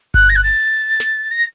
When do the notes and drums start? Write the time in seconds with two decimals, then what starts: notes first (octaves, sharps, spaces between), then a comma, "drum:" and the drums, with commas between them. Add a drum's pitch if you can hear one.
0.14 F#6, drum: kick G1
0.29 A#6
0.36 F#6
0.43 A6
1.00 drum: snare
1.31 A#6